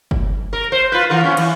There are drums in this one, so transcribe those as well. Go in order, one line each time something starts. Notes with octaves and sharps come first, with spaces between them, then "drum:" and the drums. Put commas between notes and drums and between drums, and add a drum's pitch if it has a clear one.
drum: kick
A#4
C5
F4 B4
E3 F4 A#4
F#2 B3 C#4
E3, drum: cymbal